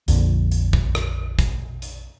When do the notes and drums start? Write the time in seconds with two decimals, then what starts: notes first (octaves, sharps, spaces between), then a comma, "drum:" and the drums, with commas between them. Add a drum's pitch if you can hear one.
0.08 A#1 F2 D3, drum: hi-hat
0.51 drum: hi-hat
0.73 drum: kick
0.95 drum: rim click
1.39 drum: kick, hi-hat
1.82 drum: hi-hat